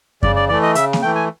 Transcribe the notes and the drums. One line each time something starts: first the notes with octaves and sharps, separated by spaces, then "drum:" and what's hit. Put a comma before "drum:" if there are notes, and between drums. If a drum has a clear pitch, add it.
C#3 D5, drum: kick F#2
D5
E3 A3 D5
D#5
C#3 E5, drum: hi-hat
drum: snare A#3
E3 A3 G5
G#5